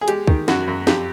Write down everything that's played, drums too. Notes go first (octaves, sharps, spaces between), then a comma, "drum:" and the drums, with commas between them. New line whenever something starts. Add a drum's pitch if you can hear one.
G#4
G#3 G4, drum: hi-hat
D#3, drum: kick
F#2 F#4, drum: snare
F#2
F2 G4, drum: snare